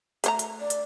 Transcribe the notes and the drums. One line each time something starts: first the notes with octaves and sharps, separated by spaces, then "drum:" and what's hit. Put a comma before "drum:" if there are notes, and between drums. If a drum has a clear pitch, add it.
A3 C5 A#5, drum: hi-hat
drum: hi-hat
D5
drum: hi-hat